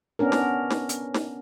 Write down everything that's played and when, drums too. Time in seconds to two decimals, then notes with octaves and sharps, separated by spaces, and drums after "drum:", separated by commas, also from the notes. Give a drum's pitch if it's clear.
0.19 B3 C#4 D4 A#4
0.32 drum: snare
0.70 drum: snare
0.89 drum: hi-hat
1.14 drum: snare